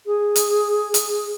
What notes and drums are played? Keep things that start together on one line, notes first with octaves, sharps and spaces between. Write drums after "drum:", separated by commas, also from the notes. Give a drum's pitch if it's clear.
G#4
drum: hi-hat
drum: hi-hat